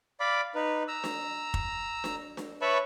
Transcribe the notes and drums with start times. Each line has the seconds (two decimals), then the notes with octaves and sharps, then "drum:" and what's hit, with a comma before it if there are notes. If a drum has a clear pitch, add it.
0.20 D5 F5 B5 D6
0.55 D#4 B4
0.88 A#5 E6
1.04 drum: snare D4
1.54 drum: kick
2.04 drum: snare D4
2.37 drum: snare D4
2.61 B4 C#5 E5 A5 B5 C#6